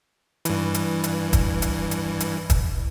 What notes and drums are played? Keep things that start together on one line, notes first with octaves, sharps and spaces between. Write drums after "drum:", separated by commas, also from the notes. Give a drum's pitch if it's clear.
G2 E3, drum: hi-hat
drum: hi-hat
drum: hi-hat
drum: kick, hi-hat
drum: hi-hat
drum: hi-hat
drum: hi-hat
drum: kick, hi-hat